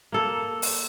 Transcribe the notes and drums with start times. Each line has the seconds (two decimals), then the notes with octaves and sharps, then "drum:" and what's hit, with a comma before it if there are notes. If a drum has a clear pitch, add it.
0.12 A#3 A4
0.62 drum: open hi-hat